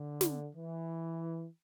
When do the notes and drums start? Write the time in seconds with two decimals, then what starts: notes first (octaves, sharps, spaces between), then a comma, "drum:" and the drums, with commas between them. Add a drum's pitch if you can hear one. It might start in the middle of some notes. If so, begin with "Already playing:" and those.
Already playing: D3
0.21 drum: snare
0.54 E3